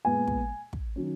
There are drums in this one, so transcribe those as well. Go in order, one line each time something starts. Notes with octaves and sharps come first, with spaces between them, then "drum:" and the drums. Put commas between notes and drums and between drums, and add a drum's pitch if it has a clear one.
A#2 G#3 B3 G#5
drum: kick
drum: kick
D#3 F#3 C#4